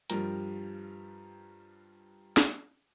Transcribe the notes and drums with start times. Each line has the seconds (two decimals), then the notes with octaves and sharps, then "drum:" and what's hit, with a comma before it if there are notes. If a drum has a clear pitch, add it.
0.10 G2 F3 G3 A#4 A#5, drum: hi-hat
2.37 drum: snare